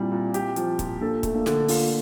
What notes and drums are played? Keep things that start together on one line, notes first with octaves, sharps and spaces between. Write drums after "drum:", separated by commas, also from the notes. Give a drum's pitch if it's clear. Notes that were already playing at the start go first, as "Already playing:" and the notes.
Already playing: A#2 G3 C4 E4
A#2
G4, drum: hi-hat
F3, drum: hi-hat
A#2, drum: kick, hi-hat
A#3 D4 A4
A3, drum: kick, hi-hat
A#3 D4
D3, drum: snare
A#3 D4 F4, drum: open hi-hat